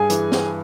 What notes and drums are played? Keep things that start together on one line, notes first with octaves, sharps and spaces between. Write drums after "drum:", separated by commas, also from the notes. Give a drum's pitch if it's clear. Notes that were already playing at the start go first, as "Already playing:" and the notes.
Already playing: G2 G#4 G#5
E3, drum: hi-hat
drum: snare